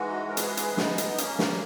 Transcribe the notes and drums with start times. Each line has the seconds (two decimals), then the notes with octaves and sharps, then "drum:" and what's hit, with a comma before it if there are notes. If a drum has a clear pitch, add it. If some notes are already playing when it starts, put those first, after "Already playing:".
Already playing: G#2 E3 G#3 F#4
0.29 A#4
0.37 G#4 B4, drum: hi-hat
0.57 drum: hi-hat
0.77 B3 D#4, drum: snare
0.98 drum: hi-hat
1.10 D#4
1.18 A#3 C#4, drum: hi-hat
1.39 A#3, drum: snare